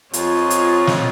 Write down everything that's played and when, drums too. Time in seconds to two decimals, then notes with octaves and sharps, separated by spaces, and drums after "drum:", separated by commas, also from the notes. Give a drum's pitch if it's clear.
0.13 F2 F4 C#5 D#5, drum: hi-hat
0.50 drum: hi-hat
0.87 drum: snare